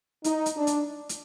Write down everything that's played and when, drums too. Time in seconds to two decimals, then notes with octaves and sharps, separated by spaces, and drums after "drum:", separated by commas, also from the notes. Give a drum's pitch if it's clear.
0.24 D#4, drum: hi-hat
0.46 drum: hi-hat
0.56 D4
0.67 drum: hi-hat
1.09 drum: hi-hat